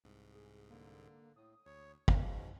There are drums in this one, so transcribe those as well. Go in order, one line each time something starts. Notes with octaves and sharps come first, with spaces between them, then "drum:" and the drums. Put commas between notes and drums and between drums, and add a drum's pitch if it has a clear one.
C2 G#2
G#4
D3 A#3
A2 D#6
D2 C#5
G#2 B2 D#3 E3 C#4 F5, drum: kick